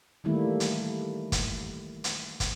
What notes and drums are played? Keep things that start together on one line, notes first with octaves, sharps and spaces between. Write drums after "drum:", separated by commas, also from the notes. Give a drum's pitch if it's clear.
D#3 E3 G3 A3 A#3 E4
drum: hi-hat
drum: kick, hi-hat
drum: hi-hat
drum: kick, hi-hat